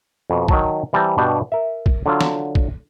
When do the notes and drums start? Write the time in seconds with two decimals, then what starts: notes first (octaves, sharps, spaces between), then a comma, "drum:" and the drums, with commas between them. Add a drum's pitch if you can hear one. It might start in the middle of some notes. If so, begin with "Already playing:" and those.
0.30 F2 B2
0.48 D#3 F#3 A5, drum: kick
0.93 E3 G3 C4 A5 A#5
1.18 G2 B2 D4 G4
1.52 A#4 E5
1.86 drum: kick
2.06 D3 F#3 F4
2.21 drum: snare
2.55 drum: kick